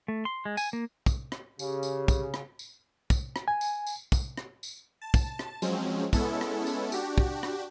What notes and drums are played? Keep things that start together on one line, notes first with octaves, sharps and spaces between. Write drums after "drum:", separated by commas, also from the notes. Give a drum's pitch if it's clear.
A3
C6
G#3
G#5, drum: tambourine
A#3
drum: kick, tambourine
drum: rim click
C#3 G4, drum: tambourine
drum: tambourine
drum: kick, tambourine
drum: rim click
drum: tambourine
drum: kick, tambourine
drum: rim click
G#5
drum: tambourine
drum: tambourine
drum: kick, tambourine
drum: rim click
drum: tambourine
A5
drum: kick, tambourine
drum: rim click
F3 F#3 G#3 C4 C#4, drum: tambourine
G#3 B3 C#4 E4 A4, drum: kick, tambourine
drum: rim click
drum: tambourine
D4 F#4 G4, drum: tambourine
drum: kick
drum: rim click